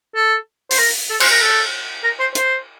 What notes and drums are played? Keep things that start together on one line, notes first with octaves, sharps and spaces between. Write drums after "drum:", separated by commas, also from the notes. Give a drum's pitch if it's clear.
A4
C5, drum: open hi-hat
A#4
A4
C5, drum: cymbal
A#4
A4
A#4
C5
C5, drum: hi-hat